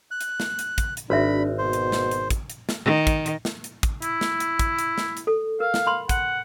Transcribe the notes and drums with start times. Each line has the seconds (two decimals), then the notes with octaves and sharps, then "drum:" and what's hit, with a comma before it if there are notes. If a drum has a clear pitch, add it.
0.11 F#6
0.21 drum: hi-hat
0.40 drum: snare
0.59 drum: hi-hat
0.78 drum: kick, hi-hat
0.97 drum: hi-hat
1.10 G#1 D4 F#4 E5 B5
1.58 B2 C5
1.73 drum: hi-hat
1.92 drum: snare
2.11 drum: hi-hat
2.30 drum: kick, hi-hat
2.50 drum: hi-hat
2.69 drum: snare
2.84 D#3
3.07 drum: kick, hi-hat
3.26 drum: hi-hat
3.45 drum: snare
3.64 drum: hi-hat
3.83 drum: kick, hi-hat
4.02 E4, drum: hi-hat
4.21 drum: snare
4.40 drum: hi-hat
4.59 drum: kick, hi-hat
4.79 drum: hi-hat
4.98 drum: snare
5.17 drum: hi-hat
5.27 A4
5.60 A#4 F5
5.74 drum: snare
5.87 B5 C6
6.09 F#5, drum: kick, hi-hat